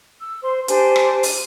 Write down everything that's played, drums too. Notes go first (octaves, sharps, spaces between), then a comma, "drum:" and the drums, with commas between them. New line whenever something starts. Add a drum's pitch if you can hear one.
E6
C5 C6
D4 G4 C5 G#5, drum: hi-hat
drum: rim click
drum: open hi-hat